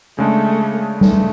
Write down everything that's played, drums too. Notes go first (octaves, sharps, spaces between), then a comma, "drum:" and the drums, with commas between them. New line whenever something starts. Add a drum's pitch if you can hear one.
C#3 G#3 A3 D4
A3, drum: tom G3